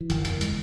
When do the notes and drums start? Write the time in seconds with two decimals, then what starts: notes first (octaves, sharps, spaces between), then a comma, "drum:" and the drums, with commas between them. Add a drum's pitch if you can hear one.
0.01 E3
0.10 F#1 D#3, drum: hi-hat
0.25 E2 D#3, drum: hi-hat
0.41 G#3, drum: hi-hat